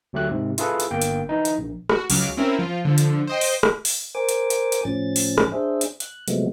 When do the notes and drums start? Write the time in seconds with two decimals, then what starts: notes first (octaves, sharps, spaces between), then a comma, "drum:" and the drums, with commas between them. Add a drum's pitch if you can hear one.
0.13 D2 F#3 A3 G4 F#6
0.30 G#2 C3
0.58 E4 F4 G#4 A4 B4, drum: hi-hat
0.80 drum: hi-hat
0.91 G1 A#3 G5
1.02 drum: hi-hat
1.29 E3 D#4
1.45 drum: hi-hat
1.58 A#1
1.89 F#4, drum: rim click
2.10 C#2 C#3 F#3 D6 F6, drum: open hi-hat
2.37 C4 C#4 E4 A#4
2.59 F3 F4
2.85 D3 F3
2.98 drum: hi-hat
3.27 C5 D#5 G5
3.41 drum: open hi-hat
3.63 drum: rim click
3.85 drum: open hi-hat
4.15 A#4 C5 G#5 D6
4.29 drum: hi-hat
4.50 drum: hi-hat
4.72 drum: hi-hat
4.85 A2 F3 C#4 A6
5.16 drum: open hi-hat
5.38 drum: rim click
5.52 D4 G#4 C5 E5
5.81 drum: hi-hat
6.00 F#6, drum: hi-hat
6.28 C3 F3 F#3 G#3 A3 B3, drum: hi-hat